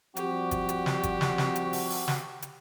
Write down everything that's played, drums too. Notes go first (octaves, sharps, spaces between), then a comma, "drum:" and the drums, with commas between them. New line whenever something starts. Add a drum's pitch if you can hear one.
F3 G3 C4 F#4 G4, drum: hi-hat
drum: kick G1, hi-hat
drum: hi-hat
drum: snare
drum: kick G1, hi-hat
drum: snare
drum: snare
drum: hi-hat
drum: open hi-hat
drum: open hi-hat
drum: snare
drum: hi-hat